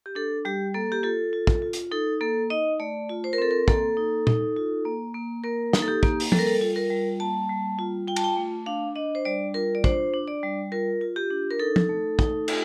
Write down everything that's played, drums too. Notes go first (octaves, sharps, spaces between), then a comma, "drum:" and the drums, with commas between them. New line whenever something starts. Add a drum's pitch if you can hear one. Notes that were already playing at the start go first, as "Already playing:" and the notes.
G4
D4 A4
G3 G4
A#3 A4
G4
F4 A4
F4
drum: kick
F4
drum: hi-hat
D#4 A4
A#3 A4
D#4 D#5
A3 D5
F4
C5
A#4
C4 A4
A#4
A#3 A4, drum: kick
D#4
D#4, drum: tom A#2
F4
A#3
A#3
A#3 A#4
D#4, drum: snare
A4
G4
A#3, drum: kick
drum: open hi-hat
G3 A4, drum: tom
A#4
A4
F4
A#4
G3
A#3 A5
G3
F4
F4 G5
A5, drum: cymbal
G5
A3
D4 F5
D4 D#5
C5
G3 D5
F4 A#4
D5
D4 C5, drum: kick
D4
D5
G3
F4 A#4
F4
G4
D4
A#4
D#4 A4
drum: tom
A3
D#4, drum: kick
F4, drum: cymbal